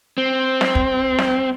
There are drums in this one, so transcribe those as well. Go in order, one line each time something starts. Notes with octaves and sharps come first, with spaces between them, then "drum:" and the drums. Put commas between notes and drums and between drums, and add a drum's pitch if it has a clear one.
C4
drum: snare
drum: kick
drum: snare